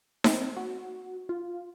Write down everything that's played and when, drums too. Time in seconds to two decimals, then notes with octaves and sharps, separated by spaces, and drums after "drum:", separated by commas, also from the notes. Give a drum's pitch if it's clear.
0.24 C4, drum: snare D#4
0.57 F#4
1.29 F4